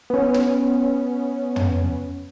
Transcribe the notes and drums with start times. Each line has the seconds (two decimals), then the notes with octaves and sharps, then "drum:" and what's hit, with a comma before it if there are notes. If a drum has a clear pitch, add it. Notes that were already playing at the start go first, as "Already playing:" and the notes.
0.10 B3 C#4
0.34 drum: snare
1.56 drum: tom